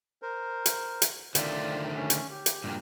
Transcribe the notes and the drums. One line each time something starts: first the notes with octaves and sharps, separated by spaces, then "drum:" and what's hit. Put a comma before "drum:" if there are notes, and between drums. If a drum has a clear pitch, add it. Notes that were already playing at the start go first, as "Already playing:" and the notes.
A#4 C5
drum: hi-hat
drum: hi-hat
D3 D#3 A3 F4 D5, drum: hi-hat
C#4
drum: hi-hat
G4
drum: hi-hat
G2 A#2